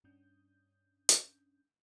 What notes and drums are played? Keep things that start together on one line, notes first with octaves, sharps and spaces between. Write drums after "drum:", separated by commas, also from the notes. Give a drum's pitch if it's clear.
G2 C#4 D4 D#6 G6
drum: hi-hat